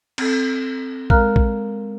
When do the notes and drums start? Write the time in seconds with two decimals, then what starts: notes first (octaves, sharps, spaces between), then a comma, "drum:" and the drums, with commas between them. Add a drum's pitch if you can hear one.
0.18 C4 A4, drum: cymbal
1.10 G#3 A#4 F5 A#5 F6 F#6, drum: kick A#1
1.36 drum: kick A#1